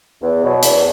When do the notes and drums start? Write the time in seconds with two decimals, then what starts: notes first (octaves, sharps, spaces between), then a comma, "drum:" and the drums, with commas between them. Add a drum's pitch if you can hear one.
0.22 E2
0.43 B2 F#3
0.63 E2, drum: hi-hat